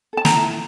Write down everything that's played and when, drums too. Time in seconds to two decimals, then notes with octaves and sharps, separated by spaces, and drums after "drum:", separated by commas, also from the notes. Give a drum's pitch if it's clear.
0.13 A4 A5
0.25 A#5, drum: snare
0.37 E4